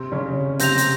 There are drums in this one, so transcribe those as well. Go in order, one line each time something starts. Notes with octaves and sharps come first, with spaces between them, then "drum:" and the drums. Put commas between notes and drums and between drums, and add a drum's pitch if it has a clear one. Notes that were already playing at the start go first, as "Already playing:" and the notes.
Already playing: C3 C4
C#3 C#4
C3 C4 G6 A#6 F7, drum: hi-hat
drum: hi-hat